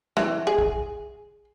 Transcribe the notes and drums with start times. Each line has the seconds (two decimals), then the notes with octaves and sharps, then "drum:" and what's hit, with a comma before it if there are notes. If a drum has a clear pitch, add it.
0.17 E3, drum: snare
0.47 G#4
0.59 drum: kick